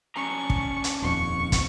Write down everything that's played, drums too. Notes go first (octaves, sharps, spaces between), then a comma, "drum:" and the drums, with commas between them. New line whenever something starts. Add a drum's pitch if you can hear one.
C#4 D4 A#5 C#6
drum: kick
drum: hi-hat
D#1 F2 C#6
drum: kick, hi-hat